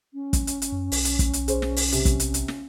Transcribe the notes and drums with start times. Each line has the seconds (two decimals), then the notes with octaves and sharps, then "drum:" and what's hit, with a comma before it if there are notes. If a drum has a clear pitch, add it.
0.14 C#4
0.33 drum: kick, hi-hat
0.47 drum: hi-hat
0.62 drum: hi-hat
0.72 F#2
0.92 B1, drum: open hi-hat
1.05 drum: hi-hat
1.19 drum: kick, hi-hat
1.33 drum: hi-hat
1.48 G#4 C5, drum: hi-hat
1.62 drum: snare
1.77 drum: open hi-hat
1.92 C3, drum: hi-hat
2.05 drum: kick, hi-hat
2.20 drum: hi-hat
2.34 drum: hi-hat
2.48 drum: snare